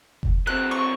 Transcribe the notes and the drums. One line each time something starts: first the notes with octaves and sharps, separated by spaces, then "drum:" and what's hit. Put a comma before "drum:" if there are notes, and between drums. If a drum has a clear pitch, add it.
drum: kick F1
F#3 C4 F#6
C#6